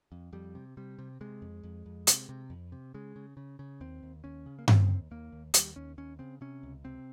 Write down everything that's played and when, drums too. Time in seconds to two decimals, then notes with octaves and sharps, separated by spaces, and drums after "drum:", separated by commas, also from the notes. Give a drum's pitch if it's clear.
0.12 F2
0.33 F2 G3
0.55 C3
0.77 C3 G3
0.99 C3
1.21 C3 G#3
1.42 F2
1.63 F2
1.86 F2
2.07 C3, drum: hi-hat
2.29 C3
2.50 F2
2.72 C3
2.94 C#3 G#3
3.16 C#3
3.37 C#3
3.59 C#3
3.81 D#2 C4
4.03 D#2
4.24 D#2 C#4
4.46 C#3
4.59 A#3
4.68 C#3 C4, drum: tom G2
4.89 D#2
5.11 D#2 A#3
5.32 D#2
5.54 D#2 G3, drum: hi-hat
5.76 D#2 C#4
5.98 D#2 C#4
6.19 C#3 C4
6.41 C3 C#4
6.63 C#2
6.84 C3 C4